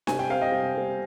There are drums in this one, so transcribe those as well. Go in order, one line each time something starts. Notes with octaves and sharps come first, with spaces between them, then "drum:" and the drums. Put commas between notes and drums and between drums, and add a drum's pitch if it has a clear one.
C3 G#5, drum: snare D4
G5
G3 C4 F5
D#5 G5
C3
G3 C4